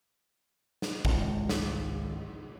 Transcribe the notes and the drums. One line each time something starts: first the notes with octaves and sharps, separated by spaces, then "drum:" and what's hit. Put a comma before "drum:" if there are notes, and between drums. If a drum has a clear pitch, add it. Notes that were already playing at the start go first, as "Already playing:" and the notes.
drum: snare
G#1 C#2, drum: kick
drum: snare